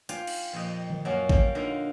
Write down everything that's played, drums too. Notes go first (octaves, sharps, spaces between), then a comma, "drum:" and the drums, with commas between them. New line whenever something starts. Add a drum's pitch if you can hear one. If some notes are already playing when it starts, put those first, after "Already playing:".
F4 D5 G5 G#5, drum: hi-hat
drum: cymbal
F2 A#2 G4 D#5
drum: tom D3
F#2 F#3 A#3 C#4 F#4 F#5
G3 A#3, drum: kick A1
D3 A#3 D#4 F4